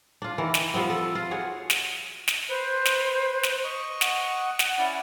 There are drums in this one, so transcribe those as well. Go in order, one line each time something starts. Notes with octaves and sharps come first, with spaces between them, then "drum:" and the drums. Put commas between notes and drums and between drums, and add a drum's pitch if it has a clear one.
D4 F4
D#3 E3
drum: snare
F3 G3 B3 C4
A4
F4
F#4 G#4 C#5
drum: snare
drum: snare
B4 C5
drum: snare
drum: snare
D#5 C#6
F#5, drum: snare
drum: snare
C#4 E4 D5